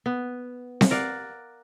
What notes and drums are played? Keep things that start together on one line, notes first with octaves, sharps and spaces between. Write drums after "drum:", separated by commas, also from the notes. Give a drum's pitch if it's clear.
B3
drum: snare C4
A#4 D5 F5 F#5